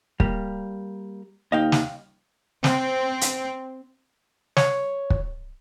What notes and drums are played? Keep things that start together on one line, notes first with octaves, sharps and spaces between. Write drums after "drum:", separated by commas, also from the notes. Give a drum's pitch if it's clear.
G3 A#3, drum: kick
D#2 D#5 F5 G5
drum: snare
C4, drum: snare
drum: hi-hat
C#5, drum: snare
drum: kick